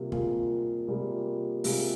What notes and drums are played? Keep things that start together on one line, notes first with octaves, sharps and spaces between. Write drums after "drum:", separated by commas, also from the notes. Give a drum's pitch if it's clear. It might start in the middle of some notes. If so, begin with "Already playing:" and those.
Already playing: C3 G3 A#3 F4
C3 G3 A#3 F4 G#4, drum: kick
C3 G3 A#3 F4 G#4
C3 G3 A#3 F4 G#4, drum: open hi-hat